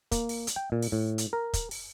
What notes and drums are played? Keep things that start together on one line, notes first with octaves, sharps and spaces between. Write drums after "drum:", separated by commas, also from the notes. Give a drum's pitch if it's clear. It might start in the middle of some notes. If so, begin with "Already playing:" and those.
A#3, drum: kick, hi-hat
drum: open hi-hat
drum: hi-hat
G5
A#2
drum: open hi-hat
A2
drum: hi-hat
A#4
drum: kick, hi-hat
drum: open hi-hat